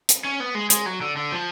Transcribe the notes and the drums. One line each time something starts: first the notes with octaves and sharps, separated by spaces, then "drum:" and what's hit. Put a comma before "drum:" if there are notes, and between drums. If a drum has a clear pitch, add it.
drum: hi-hat
C#4
B3
G#3
G#3, drum: hi-hat
F#3
D3
D3
F3